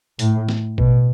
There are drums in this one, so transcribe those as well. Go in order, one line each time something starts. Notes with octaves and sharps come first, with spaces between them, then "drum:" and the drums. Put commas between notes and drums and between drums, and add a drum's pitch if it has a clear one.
A2, drum: hi-hat
drum: snare
B2, drum: kick A1